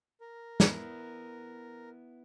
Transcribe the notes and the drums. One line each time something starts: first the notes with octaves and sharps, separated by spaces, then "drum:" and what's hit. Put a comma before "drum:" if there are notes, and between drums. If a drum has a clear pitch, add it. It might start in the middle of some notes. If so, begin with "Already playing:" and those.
A#4
B3 E4, drum: snare